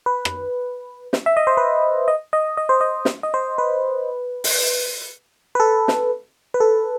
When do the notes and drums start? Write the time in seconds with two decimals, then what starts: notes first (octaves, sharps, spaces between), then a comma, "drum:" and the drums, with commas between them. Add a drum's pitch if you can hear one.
0.06 B4
0.25 drum: rim click
1.13 drum: snare
1.26 E5
1.37 D#5
1.47 C5
1.57 B4
2.08 D#5
2.33 D#5
2.57 D#5
2.69 C5
2.81 D#5
3.05 drum: snare
3.23 D#5
3.34 C5
3.58 B4
4.44 drum: open hi-hat
5.55 B4
5.60 A4
5.88 drum: snare
6.54 B4
6.60 A4